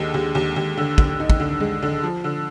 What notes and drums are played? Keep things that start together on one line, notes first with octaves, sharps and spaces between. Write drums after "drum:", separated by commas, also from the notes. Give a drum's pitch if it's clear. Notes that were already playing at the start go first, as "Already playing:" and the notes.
Already playing: D#2 D3 G#3
D#2
D#2
D#2
D3
D3, drum: kick
D#4
drum: kick
D3
G#3
D3
F3
D3